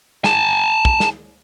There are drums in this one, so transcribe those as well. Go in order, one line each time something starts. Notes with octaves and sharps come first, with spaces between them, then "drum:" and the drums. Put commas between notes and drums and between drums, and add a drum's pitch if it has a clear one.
G#5 A5, drum: snare
drum: kick
drum: snare